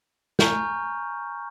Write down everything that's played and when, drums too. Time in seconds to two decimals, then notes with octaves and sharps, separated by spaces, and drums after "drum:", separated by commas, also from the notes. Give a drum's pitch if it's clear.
0.39 G#5 A#5 C#6 F6 G6, drum: snare